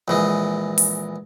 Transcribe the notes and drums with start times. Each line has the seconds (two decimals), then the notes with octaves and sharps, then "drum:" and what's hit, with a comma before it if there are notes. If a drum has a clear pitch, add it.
0.08 A#1 E3 G#3
0.78 drum: open hi-hat